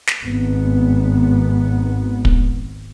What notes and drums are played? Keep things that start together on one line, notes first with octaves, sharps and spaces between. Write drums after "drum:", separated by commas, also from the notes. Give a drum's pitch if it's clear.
drum: snare
G#1 B3
drum: kick